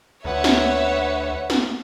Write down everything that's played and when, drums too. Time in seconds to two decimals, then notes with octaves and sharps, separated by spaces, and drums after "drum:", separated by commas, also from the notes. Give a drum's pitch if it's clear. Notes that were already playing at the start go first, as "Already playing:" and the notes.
0.25 D2 B4 C#5 E5 F#5
0.44 drum: snare
1.50 drum: snare